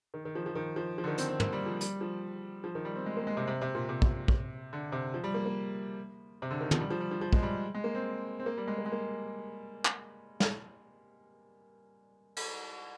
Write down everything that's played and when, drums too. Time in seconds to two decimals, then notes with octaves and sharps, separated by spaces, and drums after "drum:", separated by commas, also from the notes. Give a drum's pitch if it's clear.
0.14 D#3
0.25 D#3
0.35 F3
0.46 F3
0.55 D#3
0.76 F3
0.98 F3
1.04 D3
1.07 D#3
1.18 C4, drum: hi-hat
1.28 C4
1.40 A#3, drum: tom
1.53 G3
1.66 F3
1.81 G3, drum: hi-hat
2.01 F3
2.64 F3
2.75 D#3
2.85 G3
2.96 C4
3.06 G#3
3.17 A#3
3.27 G#3
3.37 C3
3.48 C3
3.62 C3
3.75 A#2
3.89 C3
4.02 drum: kick
4.28 drum: kick
4.73 D3
4.92 C3
5.14 F3
5.24 G3
5.34 A#3
5.46 A#3
6.42 C3
6.51 D3
6.61 D#3
6.71 F3, drum: tom
6.80 G3
6.90 F3
7.00 G3
7.11 F3
7.21 F3
7.33 G#3, drum: kick
7.42 G3
7.74 G#3
7.84 A#3
7.95 C4
8.39 C4
8.46 A#3
8.57 G3
8.67 G#3
8.78 A#3
8.86 G#3
8.92 A#3
9.85 drum: clap
10.40 drum: snare
12.36 drum: cymbal